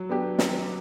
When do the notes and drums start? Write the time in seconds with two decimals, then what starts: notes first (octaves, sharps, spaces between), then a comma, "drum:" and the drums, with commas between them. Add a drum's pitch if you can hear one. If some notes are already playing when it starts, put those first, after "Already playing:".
Already playing: F#3
0.09 B3 D4 G4
0.39 F#3, drum: snare